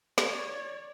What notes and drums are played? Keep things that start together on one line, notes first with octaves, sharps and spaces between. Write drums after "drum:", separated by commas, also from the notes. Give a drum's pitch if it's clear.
C#5 D5, drum: snare